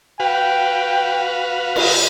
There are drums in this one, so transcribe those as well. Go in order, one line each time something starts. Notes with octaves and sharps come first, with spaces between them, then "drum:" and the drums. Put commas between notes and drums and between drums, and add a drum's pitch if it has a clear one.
F#4 B4 F5 G5
drum: cymbal